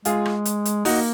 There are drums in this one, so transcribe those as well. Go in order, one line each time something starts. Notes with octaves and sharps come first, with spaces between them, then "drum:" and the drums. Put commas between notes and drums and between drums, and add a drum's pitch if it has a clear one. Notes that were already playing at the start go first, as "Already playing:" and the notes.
G#3 F4 G#4, drum: hi-hat
drum: rim click
drum: hi-hat
drum: hi-hat
A#3 D#4 F#4, drum: open hi-hat